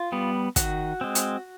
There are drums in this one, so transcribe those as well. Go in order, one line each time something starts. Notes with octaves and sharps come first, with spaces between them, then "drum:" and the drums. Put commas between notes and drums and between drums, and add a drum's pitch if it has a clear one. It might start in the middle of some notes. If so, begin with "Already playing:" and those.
Already playing: F4
G3 B3
D#3 F#4, drum: kick, hi-hat
G#3 C4
drum: hi-hat